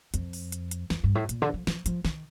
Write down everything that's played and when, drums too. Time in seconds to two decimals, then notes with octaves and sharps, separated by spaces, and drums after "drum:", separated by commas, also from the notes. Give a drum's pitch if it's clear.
0.14 F2, drum: hi-hat
0.33 drum: open hi-hat
0.52 drum: hi-hat
0.71 drum: hi-hat
0.90 F2, drum: snare
1.04 G2
1.15 A2
1.29 A#2, drum: hi-hat
1.42 D3
1.54 F3
1.67 F3, drum: snare
1.86 F3, drum: hi-hat
2.05 D#3, drum: snare